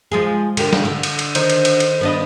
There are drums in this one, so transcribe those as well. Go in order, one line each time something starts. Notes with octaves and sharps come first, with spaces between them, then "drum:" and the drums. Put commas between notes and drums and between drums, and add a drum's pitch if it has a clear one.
F3 G#3 G#4
D3 G4 A#4, drum: cymbal
drum: snare
D3
drum: cymbal
drum: cymbal
D#3 C5, drum: cymbal
drum: cymbal
drum: cymbal
drum: cymbal
B3 D4 D#5